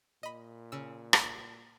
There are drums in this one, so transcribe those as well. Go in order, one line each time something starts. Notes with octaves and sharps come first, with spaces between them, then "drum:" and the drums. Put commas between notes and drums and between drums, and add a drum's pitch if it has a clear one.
A#2 D#5 B5
C#3 E6
drum: rim click